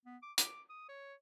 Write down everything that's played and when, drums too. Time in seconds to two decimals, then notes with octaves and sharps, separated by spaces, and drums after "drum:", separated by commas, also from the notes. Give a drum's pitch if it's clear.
0.05 B3
0.23 D6
0.38 D6, drum: hi-hat
0.69 D#6
0.89 C#5